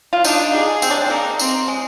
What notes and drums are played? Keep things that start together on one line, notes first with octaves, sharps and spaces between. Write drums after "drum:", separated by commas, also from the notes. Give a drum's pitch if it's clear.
F4
D4 D#4, drum: tambourine
G#4
C4, drum: tambourine
D4
C4
A#3 D#4
C4, drum: tambourine
G#3